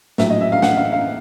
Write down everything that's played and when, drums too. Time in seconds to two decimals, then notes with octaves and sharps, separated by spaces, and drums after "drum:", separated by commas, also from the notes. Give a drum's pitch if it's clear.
0.18 A#1 A2 F#3 E5, drum: snare
0.30 D#5
0.41 E5
0.52 F5
0.62 F#5, drum: snare
0.77 F5
0.92 F5